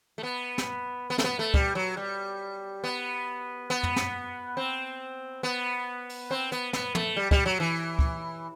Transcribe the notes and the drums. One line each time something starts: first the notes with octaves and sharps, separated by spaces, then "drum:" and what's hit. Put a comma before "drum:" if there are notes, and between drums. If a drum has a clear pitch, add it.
A3
B3
drum: snare
B3
A3, drum: snare
B3
A3
G3, drum: kick
F#3
G3
B3
B3
drum: tom
drum: snare
C4
B3
drum: open hi-hat
C4
B3, drum: hi-hat
B3, drum: snare
A3, drum: tom
G3
G3, drum: kick
F#3
E3
drum: kick